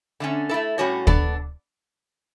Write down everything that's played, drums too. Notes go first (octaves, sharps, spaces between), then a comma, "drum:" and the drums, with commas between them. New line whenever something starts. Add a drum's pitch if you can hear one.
D3 A3 C#4
A3 E4 A4
A2 G3 C#4 F#4 C#5
B3 D4 A4 D5, drum: kick